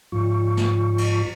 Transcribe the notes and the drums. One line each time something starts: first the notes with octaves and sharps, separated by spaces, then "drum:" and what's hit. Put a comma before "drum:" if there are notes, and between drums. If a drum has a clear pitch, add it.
G#2 F3 F4 C#6
drum: snare
drum: cymbal